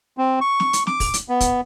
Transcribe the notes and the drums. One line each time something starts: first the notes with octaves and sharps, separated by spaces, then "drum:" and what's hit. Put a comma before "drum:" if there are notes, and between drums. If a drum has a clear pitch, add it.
C4
C#6
drum: snare
drum: hi-hat
D6, drum: snare
drum: kick, open hi-hat
drum: hi-hat
B3
drum: kick, hi-hat